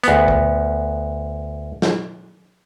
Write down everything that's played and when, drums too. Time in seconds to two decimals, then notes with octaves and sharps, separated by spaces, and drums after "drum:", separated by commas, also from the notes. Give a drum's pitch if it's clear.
0.04 D2 B3, drum: hi-hat
0.28 drum: kick
1.82 drum: snare